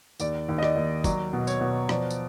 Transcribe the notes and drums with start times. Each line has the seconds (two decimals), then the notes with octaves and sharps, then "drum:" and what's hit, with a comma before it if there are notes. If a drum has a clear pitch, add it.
0.20 D#2 D5, drum: tambourine
0.48 D#2
0.58 D#5
0.63 D5, drum: rim click
0.76 D#2
1.04 F#3 D5, drum: kick, tambourine
1.33 B2
1.47 C#5, drum: tambourine
1.61 B2
1.89 F3 D5, drum: rim click
2.10 drum: tambourine